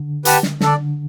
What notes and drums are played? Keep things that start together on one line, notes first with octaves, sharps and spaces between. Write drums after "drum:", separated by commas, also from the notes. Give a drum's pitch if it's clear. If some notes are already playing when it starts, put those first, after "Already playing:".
Already playing: D3
G4 B4 F#5 A5, drum: hi-hat
drum: snare
D3 D4 A4 D5, drum: snare